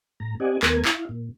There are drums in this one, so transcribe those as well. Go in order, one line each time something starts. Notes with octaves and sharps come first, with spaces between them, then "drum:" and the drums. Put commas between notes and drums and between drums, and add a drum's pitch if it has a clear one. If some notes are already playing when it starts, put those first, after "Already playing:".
A2 A#5
C4 G4 D5 D#5 F#5 G#5
D#2 A3 B3 A#4 G#5, drum: clap
E4 F5, drum: clap
A#2